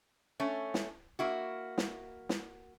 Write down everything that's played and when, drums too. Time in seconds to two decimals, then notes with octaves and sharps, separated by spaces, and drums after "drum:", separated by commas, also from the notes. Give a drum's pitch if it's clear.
0.40 A3 C#4
0.74 drum: snare
1.19 A#3 E4 F#4
1.78 drum: snare
2.29 drum: snare